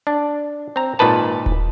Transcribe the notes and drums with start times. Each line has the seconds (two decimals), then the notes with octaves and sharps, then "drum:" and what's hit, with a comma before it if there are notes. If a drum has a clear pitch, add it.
0.07 D4
0.76 C4 A#5
0.99 G#1 A#2 D#3 B4 A5
1.46 drum: kick D#1